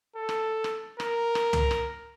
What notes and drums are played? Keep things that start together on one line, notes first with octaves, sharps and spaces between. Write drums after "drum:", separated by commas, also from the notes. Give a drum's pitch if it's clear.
A4
drum: rim click
drum: rim click
A#4, drum: rim click
drum: rim click
drum: tom
drum: rim click